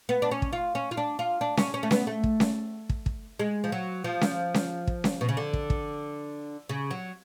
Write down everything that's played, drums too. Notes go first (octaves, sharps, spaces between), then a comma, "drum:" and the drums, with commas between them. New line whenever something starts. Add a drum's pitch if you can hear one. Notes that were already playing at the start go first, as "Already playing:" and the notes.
B3
D4
C#4
drum: kick
F4
C#4
F4
D4
F4
D4
C#4, drum: snare C#4
C#4
A3
B3, drum: snare C#4
A3
drum: kick
drum: snare C#4
drum: kick
drum: kick
G#3
F3
F#3
F3
drum: snare C#4
drum: snare C#4
drum: kick
drum: snare C#4
B2
C#3
D3
drum: kick
drum: kick
C#3
F#3